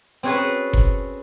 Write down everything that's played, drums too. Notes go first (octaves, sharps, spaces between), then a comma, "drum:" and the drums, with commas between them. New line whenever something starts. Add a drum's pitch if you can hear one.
C4 C#4 F#4 G#4 A4 B4
drum: kick F#1